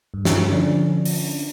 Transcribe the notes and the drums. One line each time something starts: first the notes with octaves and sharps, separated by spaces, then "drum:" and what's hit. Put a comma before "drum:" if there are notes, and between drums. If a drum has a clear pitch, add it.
G2
drum: snare
D3 F3 C#4 D4
drum: open hi-hat